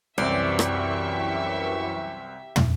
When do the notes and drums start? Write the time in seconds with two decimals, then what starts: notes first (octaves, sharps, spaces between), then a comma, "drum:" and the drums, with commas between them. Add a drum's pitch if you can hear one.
0.18 C2 F#2 E3 C4 G4 D5 E5 C#6
0.59 drum: rim click
2.56 drum: tom